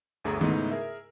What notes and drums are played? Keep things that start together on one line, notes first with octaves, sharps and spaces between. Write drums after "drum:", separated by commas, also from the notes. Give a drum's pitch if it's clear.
G1 D2 A3 G#4 A#5
G#2 C#3 A3 B3 D#4 E4, drum: tom D#3
G#4 A#4 E5